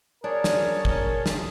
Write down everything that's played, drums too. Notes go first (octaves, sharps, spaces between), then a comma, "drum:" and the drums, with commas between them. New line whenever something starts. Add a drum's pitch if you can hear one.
D4 G#4 A#4 C#5 A5
drum: snare
drum: kick
drum: snare